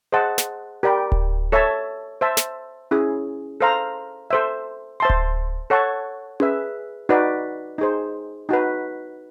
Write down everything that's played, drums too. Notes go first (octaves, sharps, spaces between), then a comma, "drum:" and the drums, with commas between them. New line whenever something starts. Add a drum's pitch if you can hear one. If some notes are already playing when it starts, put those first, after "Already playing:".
G#4 C5 D#5 F#5 A5
drum: snare
G4 A#4 D5 G5 B5
drum: kick D1
A4 C#5 E5 A5
C5 E5 A5
drum: snare
C#4 E4 G#4
A4 C5 F5 A#5
A4 C5 E5
C5 E5 A5 C6
drum: kick D1
A4 C#5 F#5 A5 C#6
G#4 B4 E5, drum: tom C#4
D#4 F#4 B4 D5
D#4 G#4 C5
D#4 F#4 B4